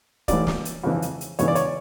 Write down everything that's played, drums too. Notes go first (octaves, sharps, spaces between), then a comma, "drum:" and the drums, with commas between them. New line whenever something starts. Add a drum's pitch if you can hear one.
A1 A2 E3 D5, drum: kick, hi-hat
drum: snare
drum: hi-hat
F2 C#3 E3
drum: hi-hat
drum: hi-hat
E2 C#3 E3 C#5, drum: hi-hat
D5
C#5, drum: hi-hat